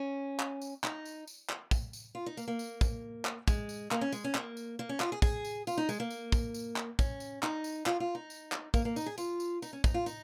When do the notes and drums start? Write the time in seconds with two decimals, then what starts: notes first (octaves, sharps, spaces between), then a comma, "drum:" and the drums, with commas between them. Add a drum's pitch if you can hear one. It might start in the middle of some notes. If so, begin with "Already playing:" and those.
Already playing: C#4
0.40 drum: clap
0.62 drum: tambourine
0.84 D#4, drum: clap
1.05 drum: tambourine
1.27 drum: tambourine
1.49 drum: clap
1.71 drum: kick, tambourine
1.93 drum: tambourine
2.15 F4
2.26 D#4
2.37 A#3, drum: tambourine
2.48 A#3
2.59 drum: tambourine
2.81 drum: kick, tambourine
3.25 drum: clap
3.48 G#3, drum: kick, tambourine
3.69 drum: tambourine
3.91 A#3, drum: clap
4.01 C#4
4.12 G#3, drum: tambourine
4.24 C#4
4.35 A#3, drum: clap
4.57 drum: tambourine
4.79 A#3
4.89 C#4
5.00 F4, drum: clap
5.12 G#4
5.22 G#4, drum: kick, tambourine
5.45 drum: tambourine
5.67 F4, drum: tambourine
5.77 D#4
5.89 G#3, drum: tambourine
6.00 A#3
6.10 drum: tambourine
6.32 drum: kick, tambourine
6.54 drum: tambourine
6.76 drum: clap
6.99 C#4, drum: kick, tambourine
7.20 drum: tambourine
7.43 D#4, drum: clap
7.64 drum: tambourine
7.86 F4, drum: clap
8.00 F4
8.15 D#4
8.30 drum: tambourine
8.52 drum: clap
8.74 A#3, drum: kick, tambourine
8.85 A#3
8.96 D#4, drum: tambourine
9.06 G#4
9.18 F4, drum: tambourine
9.40 drum: tambourine
9.62 D#4, drum: tambourine
9.73 C#4
9.84 D#4, drum: kick, tambourine
9.94 F4
10.06 D#4, drum: tambourine